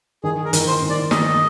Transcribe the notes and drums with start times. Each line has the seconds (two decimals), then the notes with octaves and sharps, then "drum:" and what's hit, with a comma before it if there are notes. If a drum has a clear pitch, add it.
0.24 D#3 G#4
0.45 A#4
0.53 D#3, drum: hi-hat
0.67 C5
0.82 D#3
0.90 D5
1.11 D#3 D#5, drum: snare